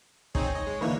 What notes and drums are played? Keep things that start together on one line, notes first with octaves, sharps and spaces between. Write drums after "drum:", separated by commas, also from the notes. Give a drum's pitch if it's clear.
C4 D#4 G#4 C#5, drum: kick
D#5
G#3
D3 E3 A#3 D#4 B4 C#5